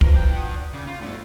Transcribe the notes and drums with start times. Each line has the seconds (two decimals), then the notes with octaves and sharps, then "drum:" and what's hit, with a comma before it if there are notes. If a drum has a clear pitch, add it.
0.01 B2 E3 F3 A#4, drum: kick
0.14 D4 G5
0.33 F#5 D#6
0.74 C#3 D5
0.88 F4
1.02 G1 D3 A3 A6